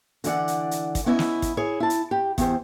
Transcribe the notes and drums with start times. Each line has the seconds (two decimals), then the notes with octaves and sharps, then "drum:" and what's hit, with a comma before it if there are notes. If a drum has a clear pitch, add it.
0.24 D3 E3 D5 F#5, drum: hi-hat
0.48 drum: hi-hat
0.71 drum: hi-hat
0.95 drum: kick, hi-hat
1.06 B3 C#4 E4 D#5 E5
1.19 drum: snare
1.42 drum: kick, hi-hat
1.57 E4 G#4 C#5
1.80 E4 A5
1.90 drum: hi-hat
2.11 G4
2.38 E2 G4 C5, drum: kick, hi-hat